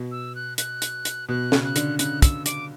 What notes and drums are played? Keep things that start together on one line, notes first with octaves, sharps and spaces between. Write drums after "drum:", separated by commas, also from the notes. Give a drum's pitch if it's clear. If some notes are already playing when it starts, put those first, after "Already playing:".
Already playing: B2
E6
F#6
F#6, drum: hi-hat
drum: hi-hat
drum: hi-hat
B2 F#6
C#3, drum: snare
F#6
D3, drum: hi-hat
C#3 F#6, drum: hi-hat
E6, drum: kick, hi-hat
D6, drum: hi-hat